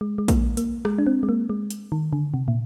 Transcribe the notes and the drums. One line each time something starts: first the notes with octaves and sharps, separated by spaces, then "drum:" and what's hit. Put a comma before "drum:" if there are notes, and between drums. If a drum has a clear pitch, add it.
G#3
G#3
A#3, drum: kick, hi-hat
A#3, drum: hi-hat
G#3, drum: rim click
D4
C4
G#3
A#3
G#3
drum: hi-hat
D#3
D3
C3
A#2